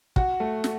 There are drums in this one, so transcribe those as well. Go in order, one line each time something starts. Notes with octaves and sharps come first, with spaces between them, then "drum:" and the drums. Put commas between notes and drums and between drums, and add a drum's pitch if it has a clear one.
F#4, drum: kick
A3
drum: snare